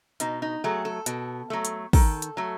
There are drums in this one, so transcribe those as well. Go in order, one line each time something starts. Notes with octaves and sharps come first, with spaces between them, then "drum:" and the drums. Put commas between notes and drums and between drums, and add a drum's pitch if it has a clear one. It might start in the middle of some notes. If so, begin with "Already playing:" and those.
B2 D#4, drum: hi-hat
D#4
F#3 A3 G#4
A4
B2, drum: hi-hat
F#3 A3
drum: hi-hat
D#3 A4, drum: kick, open hi-hat
drum: hi-hat
F#3 A3